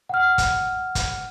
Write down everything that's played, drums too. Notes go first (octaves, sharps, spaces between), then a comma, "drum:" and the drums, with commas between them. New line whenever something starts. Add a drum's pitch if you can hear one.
F#5 F6
drum: kick, hi-hat
drum: kick, hi-hat